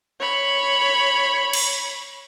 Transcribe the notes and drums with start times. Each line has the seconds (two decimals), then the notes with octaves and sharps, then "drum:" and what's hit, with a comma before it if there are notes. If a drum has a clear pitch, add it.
0.20 C#5 B5
1.53 drum: cymbal